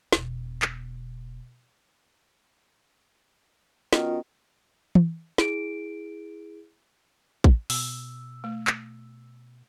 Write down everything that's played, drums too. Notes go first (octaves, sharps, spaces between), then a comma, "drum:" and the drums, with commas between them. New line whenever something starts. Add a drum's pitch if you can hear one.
E1 B2, drum: snare
drum: clap
D#3 B3 C#4 F4 F#4, drum: snare
drum: tom E3
E4 G#4 D7, drum: snare
drum: kick
B2 E6, drum: open hi-hat
A3
drum: clap